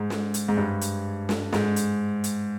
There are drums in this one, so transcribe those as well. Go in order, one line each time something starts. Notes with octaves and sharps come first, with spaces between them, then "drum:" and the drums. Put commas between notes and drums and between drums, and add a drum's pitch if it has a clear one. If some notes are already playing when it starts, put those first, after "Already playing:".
Already playing: G#2
drum: snare
drum: hi-hat
G#2
G2
drum: hi-hat
drum: snare
G#2, drum: snare
drum: hi-hat
drum: hi-hat